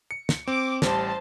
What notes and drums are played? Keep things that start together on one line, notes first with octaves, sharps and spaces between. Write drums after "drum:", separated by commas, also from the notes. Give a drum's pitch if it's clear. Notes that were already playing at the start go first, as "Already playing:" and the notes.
C#7
drum: snare
C4 D6
A1 G3 C5 A5, drum: snare